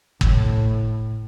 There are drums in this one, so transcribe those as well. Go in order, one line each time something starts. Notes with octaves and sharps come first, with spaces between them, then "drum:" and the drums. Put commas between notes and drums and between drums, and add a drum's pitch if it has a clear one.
A2, drum: kick